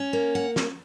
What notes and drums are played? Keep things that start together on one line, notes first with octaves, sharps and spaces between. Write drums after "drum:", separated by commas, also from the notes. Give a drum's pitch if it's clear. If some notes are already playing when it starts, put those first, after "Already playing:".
Already playing: C#4
A#3
F#5
drum: snare